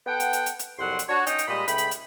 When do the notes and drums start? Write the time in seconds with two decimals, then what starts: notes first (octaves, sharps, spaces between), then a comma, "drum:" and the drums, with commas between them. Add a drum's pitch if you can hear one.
0.07 B3 A4 F#5 G5
0.20 drum: hi-hat
0.33 drum: hi-hat
0.46 drum: hi-hat
0.59 drum: hi-hat
0.79 C2 F2 F#3 F#5 C6
0.99 drum: hi-hat
1.09 D4 F#4 C#5
1.26 C#4 D#4 G5, drum: hi-hat
1.38 drum: hi-hat
1.48 A#2 G3 G#3 D#5 B5
1.68 C#2 A3 G5 B5, drum: hi-hat
1.78 drum: hi-hat
1.91 drum: hi-hat